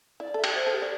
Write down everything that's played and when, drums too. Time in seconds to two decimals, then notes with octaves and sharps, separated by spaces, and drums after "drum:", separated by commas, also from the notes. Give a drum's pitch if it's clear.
0.20 E4 D5
0.34 A4 E5
0.44 G4, drum: cymbal
0.55 C5
0.67 A4
0.72 G4
0.82 D5